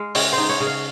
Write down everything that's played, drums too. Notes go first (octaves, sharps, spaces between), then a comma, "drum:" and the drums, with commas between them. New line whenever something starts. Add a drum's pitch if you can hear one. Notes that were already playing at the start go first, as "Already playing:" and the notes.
Already playing: G#3 F5
C#3 C#5, drum: open hi-hat
C5
D#4
C#5
C#3
F5